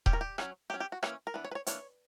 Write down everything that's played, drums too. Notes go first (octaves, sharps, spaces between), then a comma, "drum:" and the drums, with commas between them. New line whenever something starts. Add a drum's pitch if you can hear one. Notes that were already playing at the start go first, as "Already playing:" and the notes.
G3 C#4 G4, drum: kick D#1
A#4
G4
F#3 C#4, drum: rim click
F#3 C#4 G4
G4
F#4
E3 A#3 C#4 C#5, drum: rim click
A#4
E3 B3 D4 B4
C#5
B4
C#5
E3 A#3 D4 C#5, drum: hi-hat